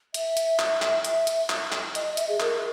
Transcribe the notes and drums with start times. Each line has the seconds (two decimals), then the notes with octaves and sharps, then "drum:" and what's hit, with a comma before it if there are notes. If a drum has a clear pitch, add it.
0.14 E5, drum: hi-hat
0.37 drum: hi-hat
0.59 drum: clap
0.82 drum: clap
1.04 drum: hi-hat
1.27 drum: hi-hat
1.50 drum: clap
1.72 drum: clap
1.95 D#5, drum: hi-hat
2.06 D#5
2.17 E5, drum: hi-hat
2.29 G#4
2.40 A#4, drum: clap